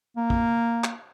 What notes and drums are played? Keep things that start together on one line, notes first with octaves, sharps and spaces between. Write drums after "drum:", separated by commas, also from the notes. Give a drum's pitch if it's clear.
A#3
drum: kick
drum: clap